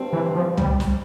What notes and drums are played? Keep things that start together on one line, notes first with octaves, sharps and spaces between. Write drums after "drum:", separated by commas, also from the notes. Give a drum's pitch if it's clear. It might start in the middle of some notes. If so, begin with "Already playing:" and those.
Already playing: G2 G3 C4
E3
F3
G3, drum: tom C2
drum: snare